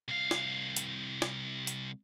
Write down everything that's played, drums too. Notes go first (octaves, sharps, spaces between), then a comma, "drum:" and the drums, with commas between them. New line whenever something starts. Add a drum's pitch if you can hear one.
C2 F5
drum: snare
drum: hi-hat
drum: snare
drum: hi-hat